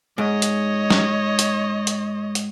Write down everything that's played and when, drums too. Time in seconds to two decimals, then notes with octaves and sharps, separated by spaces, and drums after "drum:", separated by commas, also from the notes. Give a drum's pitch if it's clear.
0.18 G#2 C#5 D#5
0.42 drum: hi-hat
0.90 drum: snare
1.39 drum: hi-hat
1.87 drum: hi-hat
2.35 drum: hi-hat